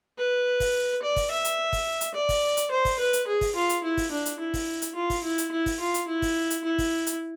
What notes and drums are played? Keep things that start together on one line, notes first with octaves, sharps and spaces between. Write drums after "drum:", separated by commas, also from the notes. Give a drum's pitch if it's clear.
B4
drum: kick, open hi-hat
D5
drum: kick, open hi-hat
E5
drum: hi-hat
drum: kick, open hi-hat
drum: hi-hat
D5
drum: kick, open hi-hat
drum: hi-hat
C5
drum: kick, open hi-hat
B4
drum: hi-hat
G#4
drum: kick, open hi-hat
F4
drum: hi-hat
E4
drum: kick, open hi-hat
D4
drum: hi-hat
E4
drum: kick, open hi-hat
drum: hi-hat
F4
drum: kick, open hi-hat
E4
drum: hi-hat
E4
drum: kick, open hi-hat
F4
drum: hi-hat
E4
drum: kick, open hi-hat
drum: hi-hat
E4
drum: kick, open hi-hat
drum: hi-hat